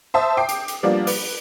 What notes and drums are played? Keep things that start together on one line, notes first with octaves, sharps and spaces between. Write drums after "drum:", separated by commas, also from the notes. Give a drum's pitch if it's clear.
C5 E5 A5 D#6
G5 D6 C7
drum: hi-hat
drum: hi-hat
F3 G3 A#3 B3 D4
B4, drum: open hi-hat